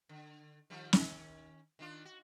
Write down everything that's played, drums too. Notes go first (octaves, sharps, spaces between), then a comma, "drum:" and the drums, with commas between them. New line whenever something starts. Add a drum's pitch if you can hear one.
D3
D#3 F3 G3
D#3 C#4, drum: snare
D#3 D4 F4
F#4